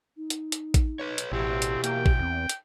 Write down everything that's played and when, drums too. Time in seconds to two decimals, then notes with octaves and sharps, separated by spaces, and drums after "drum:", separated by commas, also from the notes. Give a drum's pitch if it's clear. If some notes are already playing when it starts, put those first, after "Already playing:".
0.17 D#4
0.30 drum: hi-hat
0.52 drum: hi-hat
0.74 drum: kick A1, hi-hat
0.99 B4 C#5
1.18 drum: hi-hat
1.32 A1 B2 C4 E4 F#4 G4
1.62 drum: hi-hat
1.84 A#3 G5, drum: hi-hat
2.06 drum: kick A1
2.19 E2 C4
2.49 drum: hi-hat